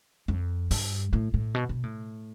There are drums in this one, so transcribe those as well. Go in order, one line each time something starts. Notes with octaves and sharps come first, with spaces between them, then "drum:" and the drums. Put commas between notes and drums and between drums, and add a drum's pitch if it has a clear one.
F2
G2, drum: open hi-hat
A2
A2
B2
B2
A2